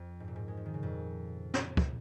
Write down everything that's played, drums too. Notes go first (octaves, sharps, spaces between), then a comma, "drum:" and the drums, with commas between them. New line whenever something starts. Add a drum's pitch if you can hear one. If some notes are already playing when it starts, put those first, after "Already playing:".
Already playing: F2
G#2
A#2
G#2
G#3
F3
D#3
C#3
F2 A#2
drum: snare
drum: kick